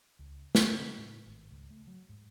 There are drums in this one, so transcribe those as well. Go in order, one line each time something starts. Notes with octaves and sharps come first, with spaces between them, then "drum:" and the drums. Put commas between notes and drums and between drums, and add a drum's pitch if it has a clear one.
C#2
B3, drum: snare
C#3
A2
G#1
C#2
A3
F#3
G#2